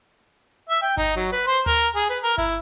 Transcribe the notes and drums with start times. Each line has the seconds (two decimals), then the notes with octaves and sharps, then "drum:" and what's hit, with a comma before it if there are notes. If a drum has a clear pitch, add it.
0.69 E5
0.82 G5
0.97 D#4, drum: kick G1, hi-hat
1.16 F#3
1.32 B4
1.47 C5
1.66 A#4, drum: tom D2
1.95 G#4
2.10 B4
2.23 A#4
2.38 E4, drum: kick G1, hi-hat